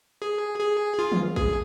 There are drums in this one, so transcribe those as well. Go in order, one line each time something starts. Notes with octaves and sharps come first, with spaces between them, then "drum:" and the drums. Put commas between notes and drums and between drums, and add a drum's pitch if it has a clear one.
G#4
G#4
F4
drum: tom D#3
G#4, drum: kick